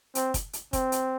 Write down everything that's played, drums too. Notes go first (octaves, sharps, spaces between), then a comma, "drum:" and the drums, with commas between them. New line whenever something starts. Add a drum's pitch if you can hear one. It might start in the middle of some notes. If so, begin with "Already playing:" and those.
C4, drum: hi-hat
drum: kick, hi-hat
drum: hi-hat
C4, drum: kick, hi-hat
drum: hi-hat